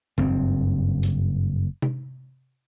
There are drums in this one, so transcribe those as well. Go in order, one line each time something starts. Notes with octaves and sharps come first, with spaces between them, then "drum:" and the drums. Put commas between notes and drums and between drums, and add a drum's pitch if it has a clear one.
F#1 G2 C4, drum: tom G2
drum: hi-hat
drum: tom C3